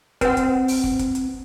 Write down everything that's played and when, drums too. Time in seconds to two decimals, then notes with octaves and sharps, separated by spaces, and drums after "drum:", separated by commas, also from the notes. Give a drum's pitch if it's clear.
0.21 C4 B4 F#5, drum: kick, hi-hat
0.37 drum: kick, hi-hat
0.68 drum: open hi-hat
0.84 drum: kick
0.99 drum: kick, hi-hat
1.15 drum: hi-hat